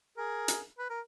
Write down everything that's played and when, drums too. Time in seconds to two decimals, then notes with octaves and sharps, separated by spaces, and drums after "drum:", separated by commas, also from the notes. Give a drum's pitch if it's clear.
0.17 G#4 A#4
0.48 drum: hi-hat
0.79 B4
0.90 A#4